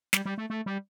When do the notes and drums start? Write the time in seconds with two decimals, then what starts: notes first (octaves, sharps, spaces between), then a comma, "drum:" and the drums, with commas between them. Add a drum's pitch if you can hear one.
0.13 G3, drum: snare
0.25 G3
0.38 A3
0.50 A3
0.66 G3